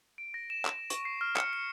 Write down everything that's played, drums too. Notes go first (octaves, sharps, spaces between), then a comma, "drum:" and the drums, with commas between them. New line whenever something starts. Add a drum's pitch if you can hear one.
D7
A#6
E7
drum: clap
C#6, drum: hi-hat
C7
F6
C#7, drum: clap
C#7